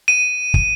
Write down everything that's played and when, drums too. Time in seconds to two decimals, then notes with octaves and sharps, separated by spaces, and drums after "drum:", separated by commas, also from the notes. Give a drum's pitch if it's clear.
0.08 D#7
0.54 drum: kick